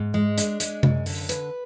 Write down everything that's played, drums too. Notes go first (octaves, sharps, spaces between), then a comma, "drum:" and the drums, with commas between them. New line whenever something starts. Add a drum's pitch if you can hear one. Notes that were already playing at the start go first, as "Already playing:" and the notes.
Already playing: G#2
G#3
D4, drum: hi-hat
G#3, drum: hi-hat
F#2, drum: tom C3
D3, drum: open hi-hat
B4, drum: hi-hat